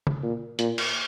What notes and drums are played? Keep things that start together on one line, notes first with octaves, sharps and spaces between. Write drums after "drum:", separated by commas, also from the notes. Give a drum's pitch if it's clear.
drum: tom
A#2
A#2, drum: hi-hat
drum: cymbal